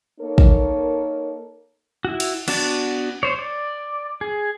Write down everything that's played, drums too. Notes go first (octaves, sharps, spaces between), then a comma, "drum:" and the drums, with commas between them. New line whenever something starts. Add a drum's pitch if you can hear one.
A#3 D#4 A4 A#4 C#5
drum: kick
E4 F#4
drum: cymbal
B3 D4 F#4 A5, drum: cymbal
C5 C#5
D5
G#4